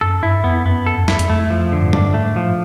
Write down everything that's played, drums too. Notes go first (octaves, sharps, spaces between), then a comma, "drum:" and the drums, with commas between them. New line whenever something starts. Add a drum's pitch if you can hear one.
F#2 A4
G2 E4
F2 B3
F#2 B3
A4
F#2
F2
E2 E4, drum: snare
F2, drum: hi-hat
F2 A3
F3
D3
G#2
G2 D4, drum: tom G3
G#2 A3
A2 F3